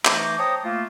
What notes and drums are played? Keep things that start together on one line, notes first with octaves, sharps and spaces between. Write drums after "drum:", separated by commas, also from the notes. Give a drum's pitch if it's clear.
E3 A3 D#4 C5 A#5 D6, drum: clap
C5 C#5 G5 A5 A#5 D#6
A3 A#3 F4